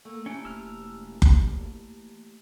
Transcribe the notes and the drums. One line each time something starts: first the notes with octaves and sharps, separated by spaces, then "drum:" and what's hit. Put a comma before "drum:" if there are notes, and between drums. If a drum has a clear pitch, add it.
A3 A#3 E6
E3 A3 A#3 C#4 G4
E1 E6 F6
drum: kick F#1